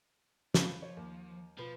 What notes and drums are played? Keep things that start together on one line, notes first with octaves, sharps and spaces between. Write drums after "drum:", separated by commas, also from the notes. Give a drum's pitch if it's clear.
C2 F4 F5 B5 D6, drum: snare
F3 C#5
D#2
B2 F3 B4